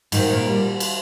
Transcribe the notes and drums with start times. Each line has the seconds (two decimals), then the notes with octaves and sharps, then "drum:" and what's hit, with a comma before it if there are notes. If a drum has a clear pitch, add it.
0.12 G#2 D#3, drum: cymbal
0.30 A#2
0.46 G3
0.80 drum: cymbal